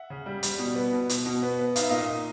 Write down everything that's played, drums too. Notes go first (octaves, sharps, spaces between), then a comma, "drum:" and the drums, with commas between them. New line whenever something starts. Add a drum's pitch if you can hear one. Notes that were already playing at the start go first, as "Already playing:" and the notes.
Already playing: E5 F#5
C#3
G3
G3, drum: hi-hat
B2
B3
B2
B2, drum: hi-hat
B2
B3
B3
D#4 F5, drum: hi-hat
E5
A#2 D#5 F5
D#4